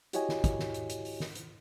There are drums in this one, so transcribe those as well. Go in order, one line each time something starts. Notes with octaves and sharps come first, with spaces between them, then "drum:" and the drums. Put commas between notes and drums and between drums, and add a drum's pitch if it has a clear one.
E4 F#4 G4 C#5 D#5 G#5, drum: hi-hat
drum: snare
drum: kick, hi-hat
drum: snare
drum: hi-hat
drum: hi-hat
drum: open hi-hat
drum: snare
drum: hi-hat